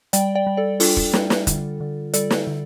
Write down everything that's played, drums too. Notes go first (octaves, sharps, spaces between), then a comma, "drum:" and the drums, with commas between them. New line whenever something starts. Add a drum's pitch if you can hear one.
G3 D5 G5, drum: hi-hat
D5 G5
G3
A4 D5
D4 F4 A4, drum: open hi-hat
drum: kick
G3, drum: snare
drum: snare
D3, drum: kick, hi-hat
D3
G3 A4 D5, drum: hi-hat
drum: snare
D3